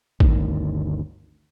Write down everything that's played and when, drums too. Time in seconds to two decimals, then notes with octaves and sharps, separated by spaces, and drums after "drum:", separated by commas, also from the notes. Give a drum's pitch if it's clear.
0.20 G1 D2 D#3, drum: kick